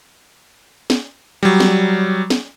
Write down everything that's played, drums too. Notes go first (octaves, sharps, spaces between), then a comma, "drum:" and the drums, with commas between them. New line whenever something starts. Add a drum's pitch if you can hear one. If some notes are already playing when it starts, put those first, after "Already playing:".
drum: snare
F#3 G3
drum: snare
drum: snare